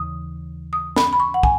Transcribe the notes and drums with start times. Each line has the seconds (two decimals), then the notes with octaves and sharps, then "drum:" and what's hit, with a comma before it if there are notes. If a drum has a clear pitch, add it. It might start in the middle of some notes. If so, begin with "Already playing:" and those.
Already playing: D#2 C#3 E3 D#6
0.73 D#6
0.96 B5, drum: snare
1.13 B5
1.20 C#6
1.34 F#5
1.43 G#5, drum: kick